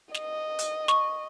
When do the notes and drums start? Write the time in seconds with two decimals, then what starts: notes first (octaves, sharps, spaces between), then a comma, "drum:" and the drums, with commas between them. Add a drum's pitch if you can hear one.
0.15 D#5, drum: snare
0.59 drum: hi-hat
0.88 C#6, drum: snare